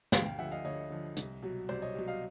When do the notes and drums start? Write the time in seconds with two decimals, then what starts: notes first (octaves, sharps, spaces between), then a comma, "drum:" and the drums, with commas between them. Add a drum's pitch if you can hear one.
0.12 D2 F5 G5, drum: snare
0.25 F5 G5
0.38 D3 F3 E5 F#5
0.51 D#5 F5
0.64 D2 C#5 D#5
0.90 D3 F3
1.17 C2, drum: hi-hat
1.42 B2 F#3
1.69 C2 C5 D5
1.82 C#5 D#5
1.95 B2 F#3
2.08 D#5 F5